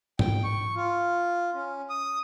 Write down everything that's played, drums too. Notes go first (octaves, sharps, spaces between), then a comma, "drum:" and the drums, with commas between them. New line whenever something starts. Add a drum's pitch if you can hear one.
G5, drum: tom G#2
C#6
F4
C#4
D#6